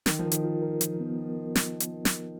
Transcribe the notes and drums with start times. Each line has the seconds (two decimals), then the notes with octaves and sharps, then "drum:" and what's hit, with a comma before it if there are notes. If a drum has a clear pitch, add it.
0.06 D#3 A#4, drum: snare
0.19 F3
0.25 A#4
0.32 D#3, drum: hi-hat
0.44 F4
0.62 A#4
0.81 F3, drum: hi-hat
1.00 B3
1.55 drum: snare
1.80 drum: hi-hat
2.05 drum: snare